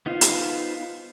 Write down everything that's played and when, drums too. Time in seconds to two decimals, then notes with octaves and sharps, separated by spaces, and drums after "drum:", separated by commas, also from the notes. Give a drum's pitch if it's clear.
0.06 B3 D#4 F4 C5
0.21 drum: hi-hat